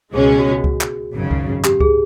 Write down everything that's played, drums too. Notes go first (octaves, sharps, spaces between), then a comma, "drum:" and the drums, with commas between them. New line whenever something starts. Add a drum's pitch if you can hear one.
C#2 B2 G#3 C#4 G#4
F#4
F#4
drum: kick C#2
drum: clap
G#1 F#2 C#3
drum: kick C#2
G4, drum: clap
G#4, drum: kick C#2